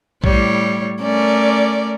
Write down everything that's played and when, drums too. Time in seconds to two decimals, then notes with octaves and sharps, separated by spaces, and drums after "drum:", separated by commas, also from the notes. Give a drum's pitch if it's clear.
0.24 A2 G3 C#5, drum: kick A#1
1.02 A3 C#4 A#4 D5